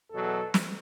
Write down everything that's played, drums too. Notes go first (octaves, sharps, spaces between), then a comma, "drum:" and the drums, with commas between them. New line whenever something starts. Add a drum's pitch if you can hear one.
E2 B2 F#3 A4
drum: snare